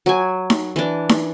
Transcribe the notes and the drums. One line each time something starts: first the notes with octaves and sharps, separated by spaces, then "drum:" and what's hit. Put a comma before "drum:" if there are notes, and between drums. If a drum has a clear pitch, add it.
F#3 G#5
drum: snare D#4
E3 D4
drum: snare D#4